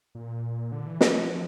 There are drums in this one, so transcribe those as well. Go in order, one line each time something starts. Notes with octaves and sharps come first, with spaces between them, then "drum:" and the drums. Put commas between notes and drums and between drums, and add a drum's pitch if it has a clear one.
A#2
D3
E3
F3, drum: snare